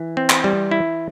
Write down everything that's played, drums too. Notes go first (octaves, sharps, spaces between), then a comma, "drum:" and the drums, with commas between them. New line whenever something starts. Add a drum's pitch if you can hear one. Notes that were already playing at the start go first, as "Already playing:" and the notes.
Already playing: E3
C4
drum: clap
G3
E4